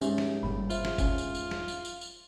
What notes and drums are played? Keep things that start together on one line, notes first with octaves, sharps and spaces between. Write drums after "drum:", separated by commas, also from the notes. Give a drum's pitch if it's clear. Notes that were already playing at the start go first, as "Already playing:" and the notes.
C#2 G#2 C#4 G4 E5, drum: tambourine
drum: snare
G1 A#2 G3 B5
F4 C5 E5, drum: tambourine
drum: snare
E1 C#4, drum: kick, tambourine
drum: tambourine
drum: tambourine
drum: snare
drum: tambourine
drum: tambourine
drum: tambourine